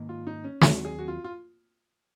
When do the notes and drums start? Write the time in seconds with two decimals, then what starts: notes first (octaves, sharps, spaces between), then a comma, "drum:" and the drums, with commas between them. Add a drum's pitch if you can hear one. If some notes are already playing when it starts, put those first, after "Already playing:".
Already playing: G#2 D#3 A#3
0.09 F4
0.27 D#4
0.44 C#4
0.61 D#2 D#3 F#3 C4 F#4, drum: snare
0.85 G#4
0.99 F#4
1.08 F4
1.24 F4